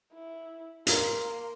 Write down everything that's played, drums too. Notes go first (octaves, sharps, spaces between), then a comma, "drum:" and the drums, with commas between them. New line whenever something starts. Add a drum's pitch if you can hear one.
E4
A#3 C6, drum: hi-hat